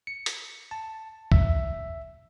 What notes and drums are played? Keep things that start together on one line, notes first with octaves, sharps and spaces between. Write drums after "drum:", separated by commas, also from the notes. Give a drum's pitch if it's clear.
C#7
drum: hi-hat
A5
E5, drum: kick